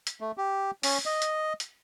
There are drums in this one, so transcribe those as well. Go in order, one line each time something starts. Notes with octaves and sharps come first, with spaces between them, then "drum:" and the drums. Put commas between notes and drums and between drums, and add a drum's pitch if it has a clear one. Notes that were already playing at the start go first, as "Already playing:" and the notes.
drum: hi-hat
A3
G4
C#4, drum: open hi-hat
D#5
drum: hi-hat
drum: hi-hat